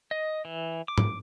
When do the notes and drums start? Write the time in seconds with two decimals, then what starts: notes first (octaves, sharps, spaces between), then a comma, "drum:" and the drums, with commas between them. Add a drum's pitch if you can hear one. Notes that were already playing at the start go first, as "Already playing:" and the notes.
0.11 D#5
0.45 E3
0.88 D6
0.98 drum: tom G#2